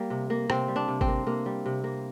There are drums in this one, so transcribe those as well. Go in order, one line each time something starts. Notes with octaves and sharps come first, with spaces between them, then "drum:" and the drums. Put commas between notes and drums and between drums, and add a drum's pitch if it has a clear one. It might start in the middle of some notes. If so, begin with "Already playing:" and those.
Already playing: G3 A#3
C3
A#3
C3 C4, drum: rim click
G3
D4
C3
C4, drum: kick G#1
A#3
C3 A#3
G3
C3
A#3